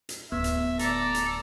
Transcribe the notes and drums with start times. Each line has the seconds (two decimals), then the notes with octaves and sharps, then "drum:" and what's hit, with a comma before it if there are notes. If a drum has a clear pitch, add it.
0.09 drum: hi-hat
0.32 D1 A2 B3 E5
0.44 drum: hi-hat
0.79 A4 D5 A#5, drum: hi-hat
1.15 drum: hi-hat